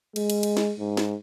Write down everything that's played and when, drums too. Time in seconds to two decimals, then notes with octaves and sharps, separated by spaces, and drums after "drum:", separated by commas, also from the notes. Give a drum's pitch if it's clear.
0.16 G#3, drum: cymbal
0.30 drum: cymbal
0.43 drum: cymbal
0.57 drum: snare
0.79 G#2
0.97 drum: snare